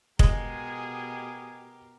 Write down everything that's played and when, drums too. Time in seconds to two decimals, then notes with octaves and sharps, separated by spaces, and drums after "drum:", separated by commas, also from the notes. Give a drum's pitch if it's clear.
0.19 B2 G#3 G4 G#4 A#4, drum: kick